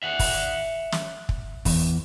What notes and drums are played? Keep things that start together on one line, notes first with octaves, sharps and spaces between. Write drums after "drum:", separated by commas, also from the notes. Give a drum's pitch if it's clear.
E5 F#5
drum: kick, open hi-hat
drum: snare
drum: kick
E2, drum: kick, open hi-hat